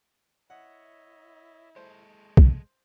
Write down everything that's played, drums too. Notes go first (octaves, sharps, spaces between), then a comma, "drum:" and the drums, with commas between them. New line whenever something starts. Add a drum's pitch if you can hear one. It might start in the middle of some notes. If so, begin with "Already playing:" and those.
E4 C#5 D#5 E5 F#5
G#3 A4 C5 C#6
drum: kick